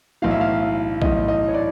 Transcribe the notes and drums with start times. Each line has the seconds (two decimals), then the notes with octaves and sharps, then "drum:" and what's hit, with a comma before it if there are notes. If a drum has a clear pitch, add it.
0.22 B1 A2 E3 F5
0.31 E5
0.41 F5
1.02 B1 A2 E3 D#5, drum: kick A#1
1.28 D#5
1.48 C#5
1.54 D5